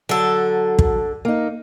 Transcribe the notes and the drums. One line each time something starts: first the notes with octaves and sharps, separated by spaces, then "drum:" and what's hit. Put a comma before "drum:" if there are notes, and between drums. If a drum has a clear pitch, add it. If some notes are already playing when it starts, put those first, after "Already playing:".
D3 F#3 A4
drum: kick
A#3 D#4